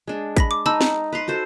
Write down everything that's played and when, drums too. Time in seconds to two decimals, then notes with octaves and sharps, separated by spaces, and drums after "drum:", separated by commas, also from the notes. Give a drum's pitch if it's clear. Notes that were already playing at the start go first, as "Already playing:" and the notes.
0.08 G#3 D4
0.37 B5 A#6 B6, drum: kick, hi-hat
0.51 D6
0.66 D#4 A5 B5 E6
0.81 drum: snare
1.12 B4 A#5 C6
1.28 F#4 A4 C5